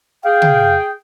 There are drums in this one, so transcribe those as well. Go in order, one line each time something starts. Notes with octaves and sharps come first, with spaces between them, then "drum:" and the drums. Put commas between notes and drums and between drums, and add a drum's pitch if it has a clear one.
G#4 F5 G5
drum: tom